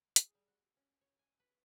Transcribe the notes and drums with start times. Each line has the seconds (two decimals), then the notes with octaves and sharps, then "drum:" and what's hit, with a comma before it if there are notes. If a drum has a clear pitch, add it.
0.16 G#4, drum: hi-hat
0.35 G3
0.48 F#4
0.77 C#4
1.01 C#5
1.19 G#5
1.40 B4